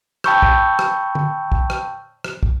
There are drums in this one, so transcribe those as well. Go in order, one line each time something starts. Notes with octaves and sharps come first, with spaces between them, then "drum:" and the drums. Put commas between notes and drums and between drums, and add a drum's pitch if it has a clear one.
G5 A5 B5 C#6 E6 G6, drum: rim click
drum: kick
drum: rim click
drum: tom
drum: kick
drum: rim click
drum: rim click
drum: kick